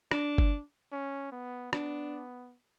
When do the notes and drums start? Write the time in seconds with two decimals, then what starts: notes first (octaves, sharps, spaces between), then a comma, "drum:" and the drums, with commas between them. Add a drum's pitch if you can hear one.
0.11 D4, drum: rim click
0.38 drum: kick G1
0.92 C#4
1.32 B3
1.73 B3 D4, drum: rim click